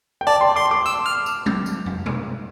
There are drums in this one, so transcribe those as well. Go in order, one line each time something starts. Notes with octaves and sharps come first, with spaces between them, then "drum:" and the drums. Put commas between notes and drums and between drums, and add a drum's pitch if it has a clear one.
G5
D5 A5
C6
C6 D6
D6
E6, drum: tambourine
F6
drum: tambourine
drum: tom F#3
drum: tambourine
drum: tom
drum: tom